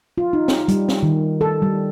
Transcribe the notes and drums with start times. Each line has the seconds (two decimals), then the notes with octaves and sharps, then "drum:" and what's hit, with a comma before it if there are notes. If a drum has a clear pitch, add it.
0.18 F4
0.33 D#4
0.48 drum: snare
0.68 G3, drum: hi-hat
0.89 drum: snare
1.03 D#3
1.41 A4
1.62 G3